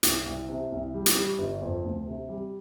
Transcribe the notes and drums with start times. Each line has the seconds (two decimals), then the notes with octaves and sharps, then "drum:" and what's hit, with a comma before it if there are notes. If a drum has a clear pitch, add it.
0.03 C2, drum: hi-hat
0.26 C2
0.49 C3
0.72 C2
0.94 G3
1.06 drum: hi-hat
1.17 G3
1.38 G1
1.61 F2
1.84 D2
2.07 C3
2.29 G3